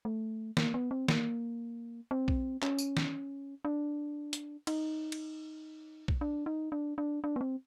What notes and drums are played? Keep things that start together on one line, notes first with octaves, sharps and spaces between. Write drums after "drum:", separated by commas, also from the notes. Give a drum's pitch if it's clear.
A3
A#3, drum: snare
B3
C4
A#3, drum: snare
C4
drum: kick A#1
C#4, drum: clap
drum: tambourine
drum: snare
D4
drum: hi-hat
D#4, drum: cymbal
drum: cymbal
drum: kick A#1
D4
D#4
D4
D4
D4
B3
C4